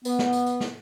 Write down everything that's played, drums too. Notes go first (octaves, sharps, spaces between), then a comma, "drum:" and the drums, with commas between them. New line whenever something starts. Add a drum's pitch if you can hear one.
B3, drum: tambourine
drum: snare
drum: tambourine
drum: tambourine
drum: snare